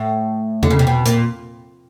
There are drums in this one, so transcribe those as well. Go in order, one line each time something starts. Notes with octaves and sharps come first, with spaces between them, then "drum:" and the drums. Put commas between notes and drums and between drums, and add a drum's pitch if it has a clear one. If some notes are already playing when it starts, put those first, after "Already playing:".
Already playing: A2
D3, drum: tom E2
C#3
C3
B2
A#2, drum: hi-hat